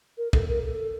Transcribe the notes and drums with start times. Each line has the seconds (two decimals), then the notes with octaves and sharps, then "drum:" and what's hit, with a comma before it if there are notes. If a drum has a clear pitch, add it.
0.18 A#4
0.33 A4, drum: kick
0.48 A#4
0.64 A4